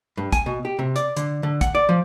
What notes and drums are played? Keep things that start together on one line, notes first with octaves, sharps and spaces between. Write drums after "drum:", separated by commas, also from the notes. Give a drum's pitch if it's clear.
G2
G#5, drum: kick, hi-hat
B2
G4
C3
D5, drum: hi-hat
D3, drum: hi-hat
D3
F#5, drum: kick, hi-hat
D5
F3